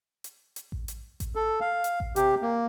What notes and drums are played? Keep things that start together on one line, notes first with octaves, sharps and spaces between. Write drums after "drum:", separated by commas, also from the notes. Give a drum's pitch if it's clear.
drum: hi-hat
drum: hi-hat
drum: kick A1
drum: hi-hat
drum: kick A1, hi-hat
A4
F5
drum: hi-hat
drum: kick A1
C3 G4, drum: hi-hat
A#3